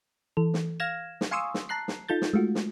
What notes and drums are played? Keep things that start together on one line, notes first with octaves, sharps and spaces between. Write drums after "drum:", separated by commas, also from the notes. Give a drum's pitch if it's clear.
E3 A4
drum: snare
F5 F6 G#6 A#6 E7
drum: snare
F5 G#5 C6 C#6 D#6 E6
drum: snare
A5 A#5 F#6 C7
drum: snare
D#4 F4 A4 G6 A6
drum: snare
G#3 A3 F4 F#4
drum: snare